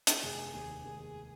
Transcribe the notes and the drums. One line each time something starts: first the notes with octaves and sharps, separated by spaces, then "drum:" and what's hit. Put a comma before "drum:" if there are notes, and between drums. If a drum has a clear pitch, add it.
drum: hi-hat
F1 G#4
D#2 G#4
D#2 G#4